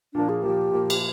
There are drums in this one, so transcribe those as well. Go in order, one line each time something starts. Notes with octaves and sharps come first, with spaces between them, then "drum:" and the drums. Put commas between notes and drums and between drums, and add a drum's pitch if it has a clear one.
A#2 F3 A#3 D4
G#4
A#2 F3 A#3 G4
A#2 F3 A#3
drum: cymbal